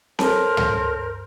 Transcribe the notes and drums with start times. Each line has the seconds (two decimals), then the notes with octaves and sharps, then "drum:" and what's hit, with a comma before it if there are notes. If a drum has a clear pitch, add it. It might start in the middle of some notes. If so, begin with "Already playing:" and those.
0.19 A4 A#4 C5 C#5 A5, drum: snare C4
0.57 drum: tom